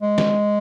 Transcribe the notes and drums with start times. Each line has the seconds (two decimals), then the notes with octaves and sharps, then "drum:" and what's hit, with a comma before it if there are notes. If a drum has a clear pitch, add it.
0.02 G#3
0.18 drum: snare